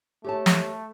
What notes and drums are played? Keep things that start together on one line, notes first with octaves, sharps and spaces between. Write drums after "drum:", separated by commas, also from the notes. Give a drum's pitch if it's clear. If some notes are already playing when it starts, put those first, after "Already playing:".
A3 G4 C#5 A5
drum: snare